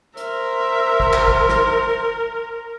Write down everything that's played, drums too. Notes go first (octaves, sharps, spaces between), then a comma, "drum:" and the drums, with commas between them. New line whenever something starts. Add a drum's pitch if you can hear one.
A#4 C5 E5, drum: hi-hat
drum: kick
drum: clap
drum: kick
drum: snare